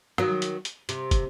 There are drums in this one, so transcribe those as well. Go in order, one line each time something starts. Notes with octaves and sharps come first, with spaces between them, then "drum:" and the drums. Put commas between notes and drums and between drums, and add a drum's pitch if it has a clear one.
D#3 F#3, drum: rim click
drum: hi-hat
drum: hi-hat
C3, drum: hi-hat
drum: kick, hi-hat